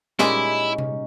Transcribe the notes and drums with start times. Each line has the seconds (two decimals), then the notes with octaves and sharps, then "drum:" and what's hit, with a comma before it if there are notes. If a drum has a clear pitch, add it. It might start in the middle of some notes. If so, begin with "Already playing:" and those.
0.19 A#2 G#3 C#4 D#4 E4 G4, drum: snare
0.78 drum: tom C3